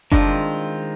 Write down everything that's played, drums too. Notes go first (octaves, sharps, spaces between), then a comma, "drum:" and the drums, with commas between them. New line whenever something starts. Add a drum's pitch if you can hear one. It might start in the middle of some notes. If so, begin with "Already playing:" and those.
D#3 G#3 C4 D4 F4, drum: kick F#1